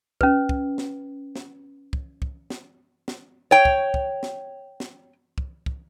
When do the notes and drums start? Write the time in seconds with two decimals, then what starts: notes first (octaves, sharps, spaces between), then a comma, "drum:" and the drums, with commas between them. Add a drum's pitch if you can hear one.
0.21 C#4 B4, drum: kick
0.49 drum: kick
0.78 drum: snare
1.36 drum: snare
1.93 drum: kick
2.22 drum: kick
2.50 drum: snare
3.08 drum: snare
3.51 C#5 G5
3.65 drum: kick
3.94 drum: kick
4.23 drum: snare
4.80 drum: snare
5.38 drum: kick
5.66 drum: kick